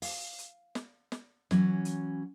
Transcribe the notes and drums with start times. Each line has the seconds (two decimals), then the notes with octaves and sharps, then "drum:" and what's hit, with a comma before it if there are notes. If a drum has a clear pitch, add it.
0.02 F5, drum: open hi-hat
0.39 drum: hi-hat
0.75 drum: snare
1.12 drum: snare
1.51 E3 F#3 C#4, drum: snare
1.85 drum: hi-hat